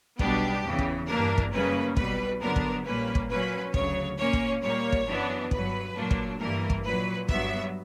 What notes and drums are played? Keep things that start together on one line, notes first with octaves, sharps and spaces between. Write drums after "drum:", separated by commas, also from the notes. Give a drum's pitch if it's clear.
B1 B2 G3 B3 D4 G4, drum: kick
E2 C#3 E3
drum: kick
G2 E3 A#3 D4 A#4
drum: kick
F#2 C#3 G3 A#3 C#4 B4
B1 B2 G3 B4, drum: kick
G2 D3 F#3 B3 D4 A#4
drum: kick
A#1 A#2 G3 A#3 C#4 B4
drum: kick
A#2 F#3 C#4 B4
D2 C#3 F#3 C#5, drum: kick
A#2 A#3 C#4 C#5
drum: kick
A#2 G3 A#3 C#5
drum: kick
F#2 E3 B3 D4
G1 G2 F#3 B4, drum: kick
A#2 F#3 A#3 D4
drum: kick
G1 G2 E3 G3 A#3 A#4
drum: kick
A#1 A#2 F#3 B4
G2 F#3 B3 E5, drum: kick